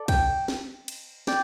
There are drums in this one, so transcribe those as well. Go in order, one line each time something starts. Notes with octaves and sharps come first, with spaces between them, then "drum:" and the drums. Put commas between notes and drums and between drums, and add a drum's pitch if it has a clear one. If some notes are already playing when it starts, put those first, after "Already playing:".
Already playing: A4 D5
G5, drum: kick, cymbal
drum: snare
drum: cymbal
D5 G5, drum: snare